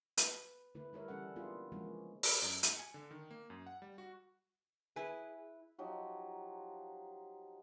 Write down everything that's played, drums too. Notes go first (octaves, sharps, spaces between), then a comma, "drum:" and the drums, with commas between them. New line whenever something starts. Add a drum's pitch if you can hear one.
B4, drum: hi-hat
D3 A3 E4 B4
G3 E4 A#4 C#5
E3 G3 C#4 E4 A4 F#5
A#3 B3 D4 E4 F4 G#4
E3 F3 G#3 A#3 C#4 F#4
B5, drum: open hi-hat
F#2
C#7, drum: hi-hat
G#5
D3
D#3
A#3
F#2
F#5
G3
F#4
E4 G#4 B4 G#5
F3 F#3 D#4 G4